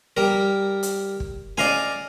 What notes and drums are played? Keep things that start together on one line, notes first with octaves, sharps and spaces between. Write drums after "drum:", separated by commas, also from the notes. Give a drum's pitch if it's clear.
G3 A#4
drum: hi-hat
drum: kick
D5 D#5 F5 G#5, drum: snare C#4